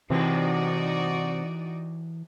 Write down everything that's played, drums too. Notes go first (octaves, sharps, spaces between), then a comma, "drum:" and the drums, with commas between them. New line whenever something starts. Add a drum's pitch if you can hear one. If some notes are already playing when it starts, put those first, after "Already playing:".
C3 E3 C4 D#4 F#4 D5, drum: cymbal